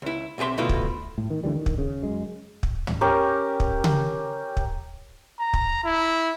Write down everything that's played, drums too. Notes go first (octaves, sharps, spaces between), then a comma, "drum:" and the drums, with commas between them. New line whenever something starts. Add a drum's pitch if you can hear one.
C#2 E4
B1 C3 G#4 E5 C6
D2 B2 A3 E4 F4
drum: kick
A2
D#3
D2 D3 E3 G3
D#3
drum: kick
C#3
F#2 G#3
drum: kick
drum: tom
C#4 G4 A#4
drum: kick
drum: tom C#3
drum: kick
A#5
drum: kick
E4